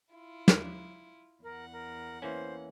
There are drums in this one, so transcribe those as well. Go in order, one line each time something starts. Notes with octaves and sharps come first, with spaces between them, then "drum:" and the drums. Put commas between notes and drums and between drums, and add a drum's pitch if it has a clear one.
E4 F4
drum: snare
E2 A#4 F#5
A#4
E3 A#3 C#4 C5